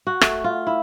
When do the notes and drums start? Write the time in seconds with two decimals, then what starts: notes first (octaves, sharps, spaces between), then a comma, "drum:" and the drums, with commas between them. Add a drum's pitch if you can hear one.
0.07 F#4
0.21 A3, drum: rim click
0.44 F4
0.67 E4